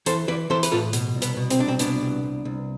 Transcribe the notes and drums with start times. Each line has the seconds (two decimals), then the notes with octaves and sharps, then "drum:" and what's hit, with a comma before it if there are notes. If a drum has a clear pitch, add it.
0.06 E3 A4 C5, drum: hi-hat
0.28 E3 B4 D5
0.50 E3 A4 C5
0.63 B4, drum: hi-hat
0.72 A2 F4 A4
0.93 B2, drum: hi-hat
1.15 C2
1.22 B3, drum: hi-hat
1.37 B2
1.50 C4, drum: hi-hat
1.59 C2 D4
1.68 C4
1.79 B2 B3 D4, drum: hi-hat
2.02 C2
2.23 C2
2.45 C2